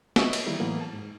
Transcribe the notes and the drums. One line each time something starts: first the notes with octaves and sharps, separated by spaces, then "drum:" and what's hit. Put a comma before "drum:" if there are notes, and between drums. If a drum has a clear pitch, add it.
B4 C#5 D#5 E5 C#6, drum: snare
drum: cymbal
D#3 E3 G3 A#3 B3 E4
A2 E3 F#3 A#3 B3
A5
G#2